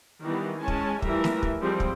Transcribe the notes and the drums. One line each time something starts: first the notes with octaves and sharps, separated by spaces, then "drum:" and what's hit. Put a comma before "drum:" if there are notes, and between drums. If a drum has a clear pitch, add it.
D#3 E3 G3 B3
G#3 C#4 G#5 A5
drum: kick
E3 F3 G3 A3 A#4 E5, drum: kick
drum: snare
drum: kick
F3 G3 G#3 C4
drum: kick